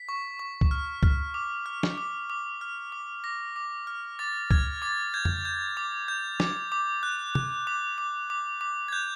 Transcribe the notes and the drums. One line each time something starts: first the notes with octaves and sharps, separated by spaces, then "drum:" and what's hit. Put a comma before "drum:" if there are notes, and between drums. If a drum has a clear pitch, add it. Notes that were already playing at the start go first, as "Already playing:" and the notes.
Already playing: B6
C#6
C#6
drum: kick C#2
F6
F6, drum: kick C#2
D6
F6
drum: snare
D6
D6
F6
D6
D6 A#6
D6
F6
D6 A6
F6 G#6, drum: kick C#2
D6 A6
G6 G#6
drum: tom F2
G6
D6
G6
D6, drum: snare
D6
F#6
F#6, drum: tom
D6
D6
D6
D6
G#6
F#6 G6